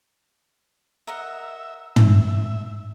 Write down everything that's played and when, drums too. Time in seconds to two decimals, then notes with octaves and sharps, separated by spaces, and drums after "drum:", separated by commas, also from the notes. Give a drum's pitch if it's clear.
1.07 A#4 D#5 E5 F#5
1.96 E5, drum: tom